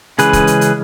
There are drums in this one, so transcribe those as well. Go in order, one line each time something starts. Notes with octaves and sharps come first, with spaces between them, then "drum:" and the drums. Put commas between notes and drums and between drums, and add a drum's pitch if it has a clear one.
C#3 E3 G#3 C#4 G#4 B4, drum: hi-hat
drum: kick, hi-hat
drum: hi-hat
drum: hi-hat